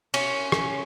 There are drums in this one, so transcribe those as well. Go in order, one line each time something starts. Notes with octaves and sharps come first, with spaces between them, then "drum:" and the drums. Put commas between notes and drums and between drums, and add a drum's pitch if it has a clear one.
C#4, drum: cymbal
drum: rim click